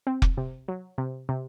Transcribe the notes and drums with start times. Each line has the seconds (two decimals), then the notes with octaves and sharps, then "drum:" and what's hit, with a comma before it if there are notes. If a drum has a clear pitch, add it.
0.07 C4
0.22 drum: kick F1
0.37 C3
0.68 F#3
0.98 C3
1.29 C3